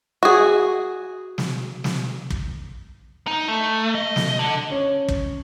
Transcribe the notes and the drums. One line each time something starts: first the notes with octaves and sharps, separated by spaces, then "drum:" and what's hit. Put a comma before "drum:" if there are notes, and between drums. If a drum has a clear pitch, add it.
F#4 G#4
drum: snare
drum: snare
drum: kick
D#4
A3
D#5
drum: snare
D3
C#4 C#5
drum: kick